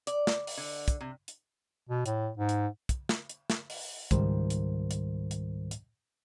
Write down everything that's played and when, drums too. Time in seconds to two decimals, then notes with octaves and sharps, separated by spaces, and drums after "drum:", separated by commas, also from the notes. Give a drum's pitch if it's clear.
0.07 D5, drum: hi-hat
0.27 drum: snare
0.47 drum: open hi-hat
0.57 D3
0.88 drum: kick, hi-hat
1.01 C3
1.28 drum: hi-hat
1.89 B2
2.06 A2, drum: hi-hat
2.38 G#2
2.49 drum: hi-hat
2.89 drum: kick, hi-hat
3.09 drum: snare
3.29 drum: hi-hat
3.50 drum: snare
3.70 drum: open hi-hat
4.11 C#2 G#2 D#3 G3 A#4 C5, drum: kick, hi-hat
4.50 drum: hi-hat
4.91 drum: hi-hat
5.31 drum: hi-hat
5.71 drum: hi-hat